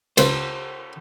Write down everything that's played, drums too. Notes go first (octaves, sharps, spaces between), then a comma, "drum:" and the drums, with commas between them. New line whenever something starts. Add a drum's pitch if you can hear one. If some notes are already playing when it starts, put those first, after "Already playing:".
C#2 C#3 C5, drum: cymbal